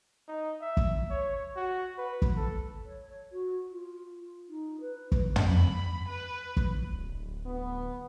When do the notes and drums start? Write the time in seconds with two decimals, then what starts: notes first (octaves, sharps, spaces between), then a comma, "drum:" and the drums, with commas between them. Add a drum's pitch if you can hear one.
0.28 D#4
0.61 E5
0.77 drum: kick
1.11 C#5
1.56 F#4
1.98 B4
2.22 drum: kick
2.37 A4
2.86 C#5
3.32 F#4
3.71 F4
4.49 D#4
4.80 B4
5.12 drum: kick
5.36 drum: tom
5.46 B5
6.08 B4
6.57 drum: kick
6.93 D1
7.46 B3